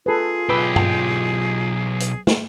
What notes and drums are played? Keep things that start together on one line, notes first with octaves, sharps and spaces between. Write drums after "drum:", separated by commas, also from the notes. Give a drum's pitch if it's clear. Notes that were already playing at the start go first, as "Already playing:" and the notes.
F4 G#4 A4 B4
B1 G4 B4 B5 E6
drum: tom G2
drum: hi-hat
drum: snare